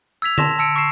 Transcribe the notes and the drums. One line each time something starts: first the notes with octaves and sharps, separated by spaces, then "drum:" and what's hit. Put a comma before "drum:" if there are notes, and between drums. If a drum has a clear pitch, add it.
E6 G#6 B6 F7
A5 C6 A#6 E7, drum: tom D3
A5 E6 C#7 D7
C#6 E6 C7 E7